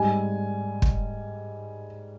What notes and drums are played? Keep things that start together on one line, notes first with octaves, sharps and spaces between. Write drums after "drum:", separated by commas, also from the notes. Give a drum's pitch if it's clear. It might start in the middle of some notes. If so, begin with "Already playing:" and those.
Already playing: G#2 G3 G#5
drum: kick